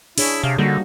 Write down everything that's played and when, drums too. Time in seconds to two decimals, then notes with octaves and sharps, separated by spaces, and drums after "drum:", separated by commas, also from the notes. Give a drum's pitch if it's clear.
0.18 D4 E4 G#4 C#5, drum: open hi-hat
0.43 C3 F5
0.58 D3 G3 A#3 D#4 F#4